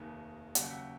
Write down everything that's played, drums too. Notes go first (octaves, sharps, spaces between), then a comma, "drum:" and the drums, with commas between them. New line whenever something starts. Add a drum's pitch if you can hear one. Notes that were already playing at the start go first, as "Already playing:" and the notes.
Already playing: F1 D#2 D#3
D#2 C#3 F#3 F#5, drum: hi-hat
G5
E5 F#5